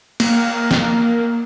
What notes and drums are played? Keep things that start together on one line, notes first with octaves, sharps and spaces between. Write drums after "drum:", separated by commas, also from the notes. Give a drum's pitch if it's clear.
A#3, drum: cymbal
drum: snare